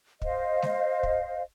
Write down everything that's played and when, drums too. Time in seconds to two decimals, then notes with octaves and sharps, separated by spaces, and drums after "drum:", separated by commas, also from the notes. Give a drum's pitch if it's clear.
0.22 C5 D#5 F5, drum: kick
0.62 drum: snare G#3
1.03 drum: kick